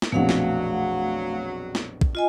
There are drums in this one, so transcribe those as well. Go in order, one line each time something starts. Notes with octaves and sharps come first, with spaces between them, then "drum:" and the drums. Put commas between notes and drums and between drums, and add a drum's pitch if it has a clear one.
drum: snare
A#1 F2 B2 F#3 A3 F5 F#5
drum: snare
drum: snare
drum: kick
F4 D#5 G#5